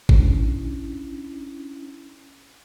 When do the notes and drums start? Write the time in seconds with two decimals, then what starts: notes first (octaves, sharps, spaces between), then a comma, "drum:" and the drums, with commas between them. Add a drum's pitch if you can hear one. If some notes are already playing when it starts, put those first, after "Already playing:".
0.09 C#4 D4 E4, drum: kick G1